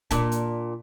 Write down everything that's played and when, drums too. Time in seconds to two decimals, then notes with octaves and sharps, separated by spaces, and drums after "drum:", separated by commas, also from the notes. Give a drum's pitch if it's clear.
0.11 A#2 D4, drum: kick C#1, hi-hat
0.32 drum: hi-hat